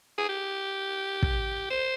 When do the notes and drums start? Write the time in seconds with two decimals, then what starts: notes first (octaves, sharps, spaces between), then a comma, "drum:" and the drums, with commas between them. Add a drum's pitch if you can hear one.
0.18 G#4
0.29 G4
1.23 drum: kick
1.70 C5